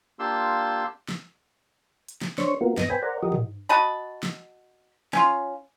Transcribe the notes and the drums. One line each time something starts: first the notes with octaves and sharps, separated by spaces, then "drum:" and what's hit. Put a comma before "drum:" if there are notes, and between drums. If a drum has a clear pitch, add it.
A#3 D4 F4 G4 C6 E6
drum: snare
drum: hi-hat
drum: snare
D4 C5 C#5 C#6, drum: snare
A#3 B3 F4 F#4 A#4
G2 B3 D#5 D#6 A#6, drum: snare
B4 C5 G5 G#5 B5
A#4 C5 D5 F#5 A#5
F3 F#4 G4 A#4 D#5
drum: tom
F#4 D#5 A5 B5
drum: snare
C#4 F4, drum: snare